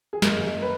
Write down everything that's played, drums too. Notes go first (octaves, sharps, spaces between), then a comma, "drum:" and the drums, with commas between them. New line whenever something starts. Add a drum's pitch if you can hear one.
G#4
F#1 A#4, drum: snare
F#1
B4